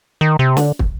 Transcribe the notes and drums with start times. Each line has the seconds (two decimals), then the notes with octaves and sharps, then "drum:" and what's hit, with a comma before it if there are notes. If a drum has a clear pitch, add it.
0.21 D#3
0.39 C3
0.57 D3, drum: snare
0.79 drum: kick